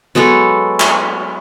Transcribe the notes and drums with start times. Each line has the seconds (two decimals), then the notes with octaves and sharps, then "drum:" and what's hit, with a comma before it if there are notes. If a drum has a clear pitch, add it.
0.15 F#3 G#3 B3 A4
0.80 drum: clap